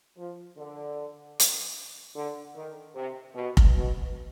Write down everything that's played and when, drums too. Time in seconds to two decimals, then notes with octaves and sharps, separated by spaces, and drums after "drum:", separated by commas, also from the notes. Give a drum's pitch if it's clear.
0.17 F3
0.57 D3
1.40 drum: hi-hat
2.16 D3
2.56 D#3
2.95 C3
3.35 B2
3.57 drum: kick F1
3.75 B2